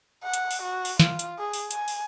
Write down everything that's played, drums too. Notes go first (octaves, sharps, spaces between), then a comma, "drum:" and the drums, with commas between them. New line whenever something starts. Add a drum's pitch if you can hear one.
F#5
drum: hi-hat
drum: open hi-hat
F#4
drum: open hi-hat
F4, drum: snare
drum: hi-hat
G#4
drum: open hi-hat
G#5, drum: hi-hat
drum: open hi-hat